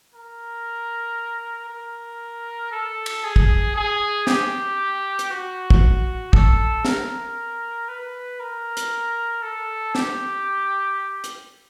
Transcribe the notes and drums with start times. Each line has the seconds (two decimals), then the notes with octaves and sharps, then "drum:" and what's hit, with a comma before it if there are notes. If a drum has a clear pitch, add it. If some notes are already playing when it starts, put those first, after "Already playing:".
0.14 A#4
1.69 A#4
2.72 A4
3.06 drum: cymbal
3.24 G#4
3.36 drum: kick
3.76 G#4
4.27 G4, drum: snare
5.19 drum: hi-hat
5.31 F#4
5.70 drum: kick
6.33 A4, drum: kick
6.85 A#4, drum: snare
7.88 B4
8.40 A#4
8.77 drum: hi-hat
9.42 A4
9.95 G4, drum: snare
11.24 drum: hi-hat